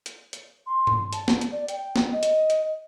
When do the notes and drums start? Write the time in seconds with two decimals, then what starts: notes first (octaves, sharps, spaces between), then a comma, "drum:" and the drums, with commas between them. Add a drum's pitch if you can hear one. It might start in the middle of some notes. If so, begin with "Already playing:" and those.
0.06 drum: hi-hat
0.33 drum: hi-hat
0.66 C6
0.87 drum: tom G2
1.13 A5, drum: hi-hat
1.28 drum: snare
1.41 drum: hi-hat
1.52 D5
1.68 G5, drum: hi-hat
1.96 drum: snare
2.13 D#5
2.23 drum: hi-hat
2.50 drum: hi-hat